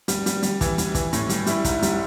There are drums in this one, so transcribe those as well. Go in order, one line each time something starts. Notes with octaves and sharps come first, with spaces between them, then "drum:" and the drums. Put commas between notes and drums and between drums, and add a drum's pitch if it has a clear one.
G3, drum: hi-hat
G3, drum: hi-hat
G3, drum: hi-hat
E3, drum: kick, hi-hat
G3, drum: hi-hat
E3, drum: kick, hi-hat
A2, drum: hi-hat
G3, drum: hi-hat
G3 E4, drum: hi-hat
G#2, drum: kick, hi-hat
G3, drum: hi-hat